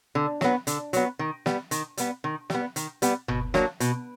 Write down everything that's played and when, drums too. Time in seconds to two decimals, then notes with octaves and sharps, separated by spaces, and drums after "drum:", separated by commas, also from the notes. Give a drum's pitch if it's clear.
0.15 D3
0.41 F#3 B3, drum: snare
0.67 D3, drum: hi-hat
0.93 F#3 B3, drum: hi-hat
1.19 D#3
1.46 G3 B3, drum: snare
1.71 D#3, drum: hi-hat
1.97 G3 B3, drum: hi-hat
2.24 D#3
2.50 G3 B3, drum: snare
2.76 D#3, drum: hi-hat
3.02 G3 B3, drum: hi-hat
3.28 B2, drum: tom F#1
3.54 F#3 A#3 D4, drum: snare
3.80 B2, drum: hi-hat